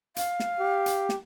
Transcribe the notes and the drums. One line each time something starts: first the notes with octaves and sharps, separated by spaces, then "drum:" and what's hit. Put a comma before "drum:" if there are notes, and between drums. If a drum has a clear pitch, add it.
F5, drum: hi-hat
drum: snare
G4
drum: hi-hat
drum: snare